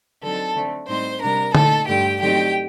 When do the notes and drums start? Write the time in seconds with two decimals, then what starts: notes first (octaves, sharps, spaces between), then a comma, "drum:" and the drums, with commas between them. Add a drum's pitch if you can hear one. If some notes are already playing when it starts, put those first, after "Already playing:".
0.22 D3 F#3 C4 D#4 A4 A5
0.56 D3 A3 C4
0.88 A2 G3 C4 D#4 C5 C6
1.21 C3 G3 D4 A#4 A#5
1.55 A#2 A3 D#4 A4 A5, drum: tom D3
1.87 G2 D3 A3 G4 G5
2.20 D3 F#3 A3 C4 D#4 G4 G5